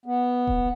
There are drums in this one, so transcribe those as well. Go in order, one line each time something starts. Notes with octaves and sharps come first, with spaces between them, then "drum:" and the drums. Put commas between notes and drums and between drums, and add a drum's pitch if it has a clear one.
B3
drum: kick D#1